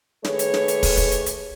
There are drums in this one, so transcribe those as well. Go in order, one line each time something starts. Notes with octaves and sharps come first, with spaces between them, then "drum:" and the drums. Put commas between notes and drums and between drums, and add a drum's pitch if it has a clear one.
D#3 A3 G4 G#4 B4 C#5, drum: snare
drum: hi-hat
drum: snare
drum: hi-hat
drum: kick, open hi-hat
drum: kick, hi-hat
drum: hi-hat
drum: hi-hat